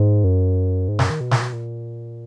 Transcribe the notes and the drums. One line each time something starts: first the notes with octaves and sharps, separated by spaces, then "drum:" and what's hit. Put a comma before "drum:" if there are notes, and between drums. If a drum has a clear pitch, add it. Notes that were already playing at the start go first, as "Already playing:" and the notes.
Already playing: G#2
F#2
G#2
F#2, drum: snare
D#3
B2
A#2, drum: snare
B2
A#2